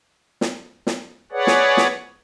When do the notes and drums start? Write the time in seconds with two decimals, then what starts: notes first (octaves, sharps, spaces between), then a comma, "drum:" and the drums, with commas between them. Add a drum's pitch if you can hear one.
0.41 drum: snare
0.87 drum: snare
1.32 G#4 B4 C#5 D5 F#5
1.47 drum: snare
1.77 drum: snare